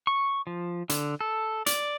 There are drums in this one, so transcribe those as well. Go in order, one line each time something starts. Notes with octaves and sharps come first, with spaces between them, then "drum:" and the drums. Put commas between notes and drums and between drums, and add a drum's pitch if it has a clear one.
C#6
F3
D3, drum: hi-hat
A4
D5, drum: hi-hat